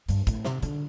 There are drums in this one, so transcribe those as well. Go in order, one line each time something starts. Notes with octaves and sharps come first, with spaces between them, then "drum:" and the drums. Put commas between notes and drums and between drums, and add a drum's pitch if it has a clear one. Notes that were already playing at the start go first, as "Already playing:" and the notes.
G2, drum: hi-hat
A2, drum: kick, hi-hat
C3, drum: snare
D3, drum: hi-hat